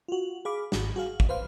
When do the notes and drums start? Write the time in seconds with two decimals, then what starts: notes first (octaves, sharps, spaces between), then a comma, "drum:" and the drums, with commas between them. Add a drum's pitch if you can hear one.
0.08 F4 F#4
0.45 G#4 F5 B5 D6
0.72 G#1 G#2 F#4, drum: snare
0.96 F#4 G#4 F5
1.20 drum: kick
1.29 B4 C5 F5